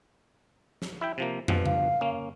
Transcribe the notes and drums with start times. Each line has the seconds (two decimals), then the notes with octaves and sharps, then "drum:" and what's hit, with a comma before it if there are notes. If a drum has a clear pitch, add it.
0.82 drum: snare
1.01 E4 E5 G5
1.18 C3 F3 A#3
1.48 G2 B2 F3, drum: tom
1.66 F5, drum: tom
2.01 A#3 C#4